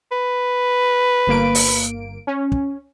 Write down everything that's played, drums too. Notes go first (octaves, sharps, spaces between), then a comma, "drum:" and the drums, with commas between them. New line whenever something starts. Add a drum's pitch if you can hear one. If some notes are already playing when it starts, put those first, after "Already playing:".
B4
G1 A#3 D7
drum: open hi-hat
C#4
drum: kick